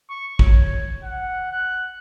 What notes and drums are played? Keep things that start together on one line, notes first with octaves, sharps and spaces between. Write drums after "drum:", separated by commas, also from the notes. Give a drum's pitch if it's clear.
C#6
C#5, drum: kick
F#5
F#6